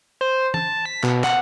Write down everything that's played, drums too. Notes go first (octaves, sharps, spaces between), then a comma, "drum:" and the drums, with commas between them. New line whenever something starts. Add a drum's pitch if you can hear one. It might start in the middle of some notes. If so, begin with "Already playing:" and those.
C5
A5, drum: tom E3
B6
B2, drum: clap
F#5, drum: clap